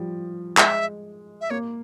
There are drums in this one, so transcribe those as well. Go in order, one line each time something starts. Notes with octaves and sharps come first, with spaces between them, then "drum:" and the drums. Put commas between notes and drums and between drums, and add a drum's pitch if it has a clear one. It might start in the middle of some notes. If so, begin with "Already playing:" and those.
Already playing: F3 G3
G#3 E5, drum: clap
E5
A#3 C#5